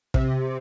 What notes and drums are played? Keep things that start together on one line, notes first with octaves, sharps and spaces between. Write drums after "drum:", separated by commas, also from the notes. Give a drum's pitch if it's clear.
C3, drum: kick